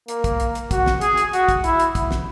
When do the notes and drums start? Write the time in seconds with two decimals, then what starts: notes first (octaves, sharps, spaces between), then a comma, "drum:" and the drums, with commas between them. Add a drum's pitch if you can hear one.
0.08 A#3, drum: hi-hat
0.24 drum: kick, hi-hat
0.40 drum: hi-hat
0.55 drum: hi-hat
0.71 F#4, drum: kick, hi-hat
0.86 drum: snare
1.01 G#4, drum: hi-hat
1.17 drum: hi-hat
1.33 F#4, drum: hi-hat
1.49 drum: kick, hi-hat
1.64 E4, drum: hi-hat
1.80 drum: hi-hat
1.95 drum: kick, hi-hat
2.11 drum: snare